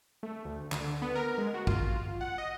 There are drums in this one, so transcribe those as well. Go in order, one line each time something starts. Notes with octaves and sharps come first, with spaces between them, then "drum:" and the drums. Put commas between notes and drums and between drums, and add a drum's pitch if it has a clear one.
A3
D2
D3, drum: clap
B3
A#4
G#3
F#4
F4, drum: kick
F#5
D#5